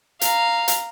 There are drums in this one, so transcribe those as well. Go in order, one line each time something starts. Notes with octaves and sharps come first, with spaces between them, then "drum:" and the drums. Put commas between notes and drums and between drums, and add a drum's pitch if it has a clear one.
F5 A#5, drum: hi-hat
drum: hi-hat